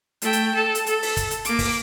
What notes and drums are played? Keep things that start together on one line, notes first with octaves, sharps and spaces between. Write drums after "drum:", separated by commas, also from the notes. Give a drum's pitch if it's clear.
A3 G5, drum: hi-hat
drum: hi-hat
A4 A5
drum: hi-hat
A4, drum: hi-hat
drum: open hi-hat
drum: kick, hi-hat
drum: hi-hat
A#3 D6, drum: hi-hat
drum: kick, open hi-hat